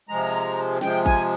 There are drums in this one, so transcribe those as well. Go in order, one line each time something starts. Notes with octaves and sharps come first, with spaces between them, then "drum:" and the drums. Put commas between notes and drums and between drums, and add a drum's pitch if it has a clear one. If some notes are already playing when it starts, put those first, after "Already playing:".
C3 F3 G#3 A#5
C3 F3 G#3 G5, drum: snare
G#5, drum: kick G#1